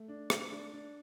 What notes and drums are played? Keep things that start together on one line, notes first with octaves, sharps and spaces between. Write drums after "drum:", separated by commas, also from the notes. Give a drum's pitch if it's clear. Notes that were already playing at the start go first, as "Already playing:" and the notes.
Already playing: A3
D4
A3, drum: rim click
D4
D4